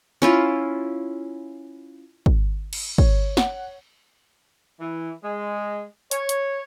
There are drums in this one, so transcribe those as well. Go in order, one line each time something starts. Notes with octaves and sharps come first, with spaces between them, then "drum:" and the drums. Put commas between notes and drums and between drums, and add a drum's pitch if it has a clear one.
C#4 E4 F4
drum: kick
drum: cymbal
C#5, drum: kick
F#5, drum: snare
E3
G#3
C#5, drum: hi-hat
drum: hi-hat